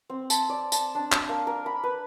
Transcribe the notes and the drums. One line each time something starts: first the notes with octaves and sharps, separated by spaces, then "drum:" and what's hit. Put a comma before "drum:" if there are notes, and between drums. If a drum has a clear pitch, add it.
C4
A5, drum: tambourine
D5
A5, drum: tambourine
D4
drum: clap
A#3
A#4
B5
B4